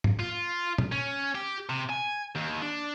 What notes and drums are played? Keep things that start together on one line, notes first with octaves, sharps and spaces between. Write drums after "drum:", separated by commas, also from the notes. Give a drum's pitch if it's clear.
drum: tom
F4
drum: tom A#2
C#4
G4
C3
G#5
D#2
D4